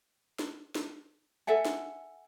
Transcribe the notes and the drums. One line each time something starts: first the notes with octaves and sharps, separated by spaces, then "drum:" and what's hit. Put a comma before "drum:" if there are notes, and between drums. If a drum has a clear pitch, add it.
drum: snare
drum: snare
A4 E5 F#5 G#5
drum: snare